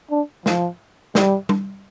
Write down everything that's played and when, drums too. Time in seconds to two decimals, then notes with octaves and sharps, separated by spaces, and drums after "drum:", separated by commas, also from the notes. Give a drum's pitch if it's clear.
0.11 D4
0.46 F3, drum: snare
1.15 G3, drum: snare
1.49 drum: tom